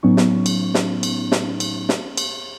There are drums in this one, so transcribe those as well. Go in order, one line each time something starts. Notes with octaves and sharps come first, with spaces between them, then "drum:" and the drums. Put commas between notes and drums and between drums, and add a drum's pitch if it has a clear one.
A2 F#3 B3 C#4 D#4 C#6
drum: snare
drum: cymbal
drum: snare
drum: cymbal
drum: snare
drum: cymbal
drum: snare
drum: cymbal